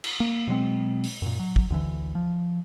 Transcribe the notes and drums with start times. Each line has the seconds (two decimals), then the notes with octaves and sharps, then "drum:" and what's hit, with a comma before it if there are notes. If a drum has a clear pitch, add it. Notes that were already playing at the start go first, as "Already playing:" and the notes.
0.04 drum: cymbal
0.20 A#3
0.47 B2 F#3 G#3 C4
1.04 drum: open hi-hat
1.22 F#2 A#2
1.39 F#3
1.56 drum: kick
1.70 D2 D3 E3
2.15 F3